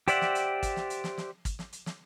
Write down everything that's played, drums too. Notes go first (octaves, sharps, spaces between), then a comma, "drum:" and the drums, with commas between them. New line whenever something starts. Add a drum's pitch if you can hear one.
G4 C5 D5 E5 F#5, drum: hi-hat
drum: snare
drum: hi-hat
drum: kick, hi-hat
drum: snare
drum: hi-hat
drum: snare
drum: snare
drum: kick, hi-hat
drum: snare
drum: hi-hat
drum: snare